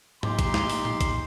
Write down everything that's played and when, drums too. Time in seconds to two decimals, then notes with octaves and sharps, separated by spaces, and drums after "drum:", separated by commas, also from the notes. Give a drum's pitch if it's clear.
0.23 A#2 D#4 G4 C6, drum: tom G#2
0.39 drum: kick A1, hi-hat
0.54 drum: snare
0.70 drum: open hi-hat
0.85 drum: tom A2
1.01 drum: kick A1, hi-hat